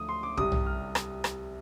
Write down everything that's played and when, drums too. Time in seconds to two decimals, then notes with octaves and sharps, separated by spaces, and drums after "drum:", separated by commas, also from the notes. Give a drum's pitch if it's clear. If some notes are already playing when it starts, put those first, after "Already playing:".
Already playing: D2 D3 F3 A3 D#6
0.09 C6
0.23 D6
0.37 C2 C3 G3 D#6, drum: kick
0.52 drum: tom
0.66 F6
0.95 drum: rim click
1.24 drum: rim click